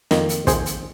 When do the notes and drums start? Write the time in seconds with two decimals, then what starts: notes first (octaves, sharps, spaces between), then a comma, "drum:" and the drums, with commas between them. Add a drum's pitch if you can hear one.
0.11 F2 D#3 A#3, drum: snare
0.29 drum: hi-hat
0.47 F2 D#3 A#3 G#4 C5, drum: kick, hi-hat
0.66 drum: hi-hat